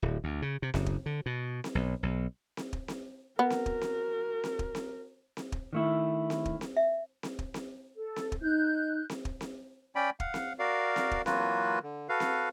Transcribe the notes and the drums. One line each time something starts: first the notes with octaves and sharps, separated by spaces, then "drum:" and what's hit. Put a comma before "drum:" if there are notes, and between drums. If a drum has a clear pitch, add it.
D1
D2
C#3
C3
F#1, drum: snare C4
drum: kick
D3
B2
drum: snare C4
B1
B1
drum: snare C4
drum: kick
drum: snare C4
B3 F#4 A#4
drum: snare C4
drum: kick
drum: snare C4
drum: snare C4
drum: kick
drum: snare C4
drum: snare C4
drum: kick
D#3 A3 E4
drum: snare C4
drum: kick
drum: snare C4
E5
drum: snare C4
drum: kick
drum: snare C4
A4
drum: snare C4
drum: kick
D#4 F#6 G6
drum: snare C4
drum: kick
drum: snare C4
C#4 D5 G5 B5
F5 F#5, drum: kick
drum: snare C4
F#4 A#4 D5 F5
drum: snare C4
drum: kick
E3 F#3 A#3 F4 F#4 B4, drum: snare C4
D3
F#4 A4 B4 F5
drum: snare C4